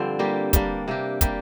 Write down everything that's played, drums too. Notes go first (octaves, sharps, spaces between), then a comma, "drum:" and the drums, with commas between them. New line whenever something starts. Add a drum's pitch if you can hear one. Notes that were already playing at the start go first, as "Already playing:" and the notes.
Already playing: G2 D3 F3 C4 D5
G3 A#3 G4
G3 A#3 D4, drum: kick, hi-hat
C3 A#3 G4
G3 A#3 G4, drum: kick, hi-hat